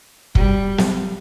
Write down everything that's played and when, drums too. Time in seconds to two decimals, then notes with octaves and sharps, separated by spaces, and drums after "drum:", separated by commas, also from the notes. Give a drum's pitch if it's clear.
0.35 G3, drum: kick
0.78 drum: snare